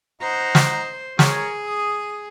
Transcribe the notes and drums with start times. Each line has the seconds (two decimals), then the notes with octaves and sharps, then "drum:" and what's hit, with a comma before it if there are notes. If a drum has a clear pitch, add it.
0.22 D#4 C5 F#5 A#5
0.55 drum: snare
1.19 C#4 G#4 A#4 C#5, drum: snare
1.67 D#6